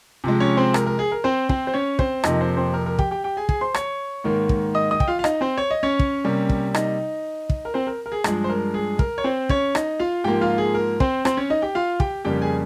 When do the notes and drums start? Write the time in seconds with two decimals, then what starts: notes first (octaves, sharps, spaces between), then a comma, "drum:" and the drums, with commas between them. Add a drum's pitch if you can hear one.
0.24 C3 F3 G#3
0.40 C#4 C#5
0.57 C4 C5
0.74 A#4, drum: rim click
0.86 A#4
0.99 G#4
1.12 A#4
1.24 C4 C5
1.49 C4 C5, drum: kick
1.67 C5
1.74 C#4 C#5
1.99 C4 C5, drum: kick
2.24 F2 C3 F3 A#3 D#4 D#5, drum: rim click
2.41 C4 C5
2.57 C4 C5
2.74 A#4
2.86 A#4
2.99 G4 G5, drum: kick
3.11 G4 G5
3.24 G4 G5
3.37 G#4 G#5
3.49 G#4 G#5, drum: kick
3.61 C5 C6
3.74 C#5 C#6, drum: rim click
4.24 G#2 D#3 A#3
4.49 drum: kick
4.75 D#5 D#6
4.91 D#5 D#6
5.00 G5, drum: kick
5.08 F4 F5
5.19 F5
5.24 D#4 D#5, drum: rim click
5.41 C4 C5
5.57 C#5
5.71 D#5
5.83 C#4 C#5
5.99 drum: kick
6.25 C3 G3 A#3
6.49 drum: kick
6.74 D#4 D#5, drum: rim click
7.50 drum: kick
7.65 A#4
7.74 C4 C5
7.87 A#4
8.06 A#4
8.12 G#4
8.24 G2 F3 G#3 G#4, drum: rim click
8.44 C5
8.49 A#4
8.74 G#4
8.99 A#4, drum: kick
9.18 C#5
9.24 C4 C5
9.49 C#4 C#5, drum: kick
9.75 D#4 D#5, drum: rim click
10.00 F4 F5
10.24 G#2 F3 A#3 G4 G5
10.41 F4 F5
10.58 G#4
10.74 A#4
11.00 C4 C5, drum: kick
11.25 C4 C5, drum: rim click
11.37 C#4 C#5
11.50 D#4 D#5
11.62 G4 G5
11.75 F4 F5
12.00 G4 G5, drum: kick
12.25 F2 C#3 G3 A#3 G4 G5
12.42 G#4 G#5